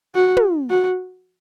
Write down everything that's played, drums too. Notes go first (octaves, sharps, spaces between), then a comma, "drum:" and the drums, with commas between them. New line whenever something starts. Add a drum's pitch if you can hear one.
F#4
drum: tom
F#4